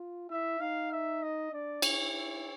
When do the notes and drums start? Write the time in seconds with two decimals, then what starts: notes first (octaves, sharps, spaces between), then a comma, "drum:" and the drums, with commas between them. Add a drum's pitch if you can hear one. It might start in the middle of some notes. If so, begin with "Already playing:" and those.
Already playing: F4
0.30 E4 E5
0.60 D#4 F5
0.92 E5
1.22 D#5
1.53 D4 D5
1.82 E4 C#5, drum: cymbal
2.14 C#5